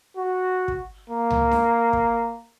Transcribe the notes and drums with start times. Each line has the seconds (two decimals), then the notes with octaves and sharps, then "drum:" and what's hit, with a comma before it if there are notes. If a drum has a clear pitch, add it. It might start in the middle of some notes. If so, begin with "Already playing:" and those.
0.17 F#4
0.68 drum: kick
1.10 A#3
1.31 drum: tom C#2
1.51 drum: snare D4
1.93 drum: kick